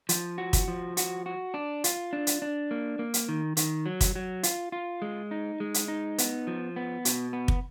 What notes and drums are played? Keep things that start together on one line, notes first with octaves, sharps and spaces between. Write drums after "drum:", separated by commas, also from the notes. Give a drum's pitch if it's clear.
F3, drum: hi-hat
F#4
drum: kick, hi-hat
F3
F#4, drum: hi-hat
F#4
D4
F4, drum: hi-hat
D4
drum: hi-hat
D4
A#3
A#3
drum: hi-hat
D#3
D#3, drum: hi-hat
F#3
drum: kick, hi-hat
F#3
F4, drum: hi-hat
F4
G#3
D#4
G#3
drum: hi-hat
D#4
B3, drum: hi-hat
F3
B3
B2, drum: hi-hat
B3
drum: kick